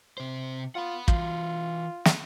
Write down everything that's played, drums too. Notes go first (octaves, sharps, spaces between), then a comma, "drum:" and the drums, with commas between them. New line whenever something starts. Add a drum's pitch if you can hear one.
C3 C5
F4 F#5 B5
E3 F4 F5, drum: kick
drum: snare